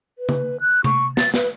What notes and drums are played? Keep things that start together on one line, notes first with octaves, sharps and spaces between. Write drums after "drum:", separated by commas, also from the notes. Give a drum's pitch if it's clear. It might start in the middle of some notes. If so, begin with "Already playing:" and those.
B4
drum: tom C#3
F#6
C#6, drum: tom C3
A6, drum: snare
B4, drum: snare